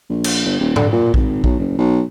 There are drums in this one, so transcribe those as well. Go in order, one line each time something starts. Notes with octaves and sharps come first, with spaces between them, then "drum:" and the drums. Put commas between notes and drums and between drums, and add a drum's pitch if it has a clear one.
A#1
drum: cymbal
G1
D#1
D3, drum: tom G#2
A#2
G#1, drum: kick A#1
B1, drum: kick A#1
F#1
B1